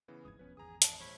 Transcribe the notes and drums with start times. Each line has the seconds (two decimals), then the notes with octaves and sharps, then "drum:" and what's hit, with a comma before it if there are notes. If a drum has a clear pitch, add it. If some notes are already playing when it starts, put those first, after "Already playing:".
0.08 C#3 E3 B3
0.25 G1 F2 G#2 D#6 G#6
0.39 E1 F3 B3 C#4 B4
0.57 G#1 E2 G#4 A#5 D#6
0.82 D4, drum: hi-hat
1.00 A#1 G#3 C5 C#5 B5